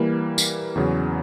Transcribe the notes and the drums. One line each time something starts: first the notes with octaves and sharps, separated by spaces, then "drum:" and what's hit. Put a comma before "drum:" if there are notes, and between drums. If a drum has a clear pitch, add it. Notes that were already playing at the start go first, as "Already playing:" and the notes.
Already playing: E3 G3 A#3
drum: tambourine
E2 C#3 F#3